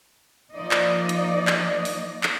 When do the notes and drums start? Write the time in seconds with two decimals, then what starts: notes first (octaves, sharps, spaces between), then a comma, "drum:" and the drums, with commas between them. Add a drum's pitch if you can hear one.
0.52 F3 A#3 D#4 D5 D#5
0.71 drum: clap
1.09 drum: hi-hat
1.47 drum: clap
1.85 drum: open hi-hat
2.23 drum: clap